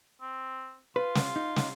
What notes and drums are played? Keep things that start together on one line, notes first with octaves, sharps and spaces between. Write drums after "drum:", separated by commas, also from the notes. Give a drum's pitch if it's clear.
C4
F4 B4
drum: snare
D#4
drum: snare